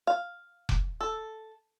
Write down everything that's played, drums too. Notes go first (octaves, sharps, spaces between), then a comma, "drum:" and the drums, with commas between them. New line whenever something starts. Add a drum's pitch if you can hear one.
F5
drum: kick F1
A4